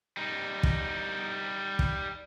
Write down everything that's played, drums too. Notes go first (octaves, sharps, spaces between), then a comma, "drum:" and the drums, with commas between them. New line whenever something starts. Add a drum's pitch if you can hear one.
G3 D#4
drum: kick
drum: kick